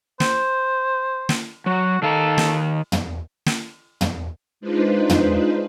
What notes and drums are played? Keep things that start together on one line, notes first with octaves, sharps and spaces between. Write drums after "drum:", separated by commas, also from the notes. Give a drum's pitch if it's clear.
C5, drum: snare
drum: snare
F#3 F#4
D#3 A4 F5 A#5
drum: snare
drum: tom
drum: snare
drum: tom
G#3 D4 D#4 F4 B4 C5
drum: tom